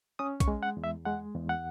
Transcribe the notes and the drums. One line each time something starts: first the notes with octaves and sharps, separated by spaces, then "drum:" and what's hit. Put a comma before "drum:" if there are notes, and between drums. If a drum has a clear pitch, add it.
C#4 D#6
C#6, drum: kick, hi-hat
G#3
F#5
E2
E5
G#3 F#5
E2
F#5